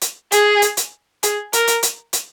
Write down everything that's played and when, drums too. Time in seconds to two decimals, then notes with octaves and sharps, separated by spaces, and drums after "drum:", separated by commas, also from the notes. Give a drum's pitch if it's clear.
0.02 drum: hi-hat
0.32 G#4, drum: hi-hat
0.62 drum: hi-hat
0.77 drum: hi-hat
1.23 G#4, drum: hi-hat
1.53 A#4, drum: hi-hat
1.68 drum: hi-hat
1.83 drum: hi-hat
2.13 drum: hi-hat